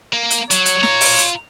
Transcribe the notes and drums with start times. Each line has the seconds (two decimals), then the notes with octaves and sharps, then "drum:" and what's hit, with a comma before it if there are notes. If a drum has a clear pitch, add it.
0.13 A#3
0.30 drum: hi-hat
0.50 F#3 C#5, drum: hi-hat
0.66 drum: hi-hat
0.83 F4 A#5, drum: snare
1.01 drum: open hi-hat
1.18 drum: hi-hat